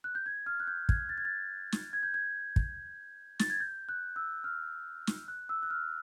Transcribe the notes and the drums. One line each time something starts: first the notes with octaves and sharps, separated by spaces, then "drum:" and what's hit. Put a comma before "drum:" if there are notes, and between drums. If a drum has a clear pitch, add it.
F#6
G6
G#6
F6
F#6
G6
G#6, drum: kick
A6
G#6
A6
drum: snare
G#6
G6
G#6
drum: kick
A6, drum: snare
G#6
G6
F#6
E6
F6
drum: snare
F#6
E6
F#6
F6